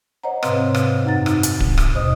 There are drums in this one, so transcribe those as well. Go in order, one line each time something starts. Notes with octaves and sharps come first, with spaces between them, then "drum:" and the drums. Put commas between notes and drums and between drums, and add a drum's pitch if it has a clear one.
C5 C#5 D#5 F#5 A#5
G#2 C3 C4 B4 F5 C6, drum: rim click
drum: rim click
F#2 D#4 F#5 A#5 A6
drum: rim click
drum: hi-hat
drum: kick D1
drum: rim click
D#2 B2 C5 D#5 D#6